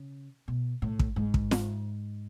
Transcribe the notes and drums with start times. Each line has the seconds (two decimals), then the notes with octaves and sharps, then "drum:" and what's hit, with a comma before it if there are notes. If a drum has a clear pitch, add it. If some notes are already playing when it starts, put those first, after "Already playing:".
Already playing: C#3
0.48 B2
0.82 A2
0.99 drum: kick
1.16 G#2
1.34 drum: kick
1.51 drum: snare